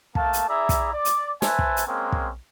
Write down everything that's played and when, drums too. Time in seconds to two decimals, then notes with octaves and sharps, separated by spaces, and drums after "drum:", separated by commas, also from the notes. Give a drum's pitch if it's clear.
0.15 A3 A#3 F5 A5, drum: kick
0.33 drum: hi-hat
0.48 E4 G#4 D5 E5 A#5
0.69 drum: kick, hi-hat
0.93 D5
1.05 drum: hi-hat
1.42 B4 C5 E5 G#5 A5, drum: snare
1.59 drum: kick
1.77 drum: hi-hat
1.88 G#3 A#3 C4 C#4 G#4
2.12 drum: kick